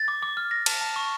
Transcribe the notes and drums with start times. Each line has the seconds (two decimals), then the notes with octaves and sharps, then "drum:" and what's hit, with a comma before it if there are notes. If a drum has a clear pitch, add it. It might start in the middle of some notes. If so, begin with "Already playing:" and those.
Already playing: A6
0.08 D6
0.22 D6
0.37 F6
0.51 A#6
0.66 A5, drum: cymbal
0.81 A5
0.96 C#6